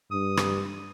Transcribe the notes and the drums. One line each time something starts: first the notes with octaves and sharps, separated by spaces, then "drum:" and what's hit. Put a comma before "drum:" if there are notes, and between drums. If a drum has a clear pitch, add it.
G2 D#6
drum: rim click